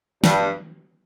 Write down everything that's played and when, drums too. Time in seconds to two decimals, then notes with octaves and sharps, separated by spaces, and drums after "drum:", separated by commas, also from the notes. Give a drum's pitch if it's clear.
0.24 G2, drum: snare